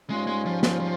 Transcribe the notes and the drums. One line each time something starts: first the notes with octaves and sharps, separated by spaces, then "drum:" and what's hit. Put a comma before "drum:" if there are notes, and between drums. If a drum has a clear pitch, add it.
G#2 G3 G#3 C#4 F4
G#3
F3
F3, drum: snare
F3